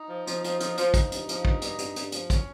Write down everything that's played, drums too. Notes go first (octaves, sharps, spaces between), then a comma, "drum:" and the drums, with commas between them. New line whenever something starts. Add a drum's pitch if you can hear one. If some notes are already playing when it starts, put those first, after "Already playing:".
Already playing: D#4
F3
F3, drum: hi-hat
F3, drum: hi-hat
F3, drum: hi-hat
F3, drum: hi-hat
F3 D#4, drum: kick, hi-hat
G2, drum: hi-hat
F3, drum: hi-hat
G2, drum: kick
G2, drum: hi-hat
G2, drum: hi-hat
G2, drum: hi-hat
F3, drum: hi-hat
C#4, drum: kick, hi-hat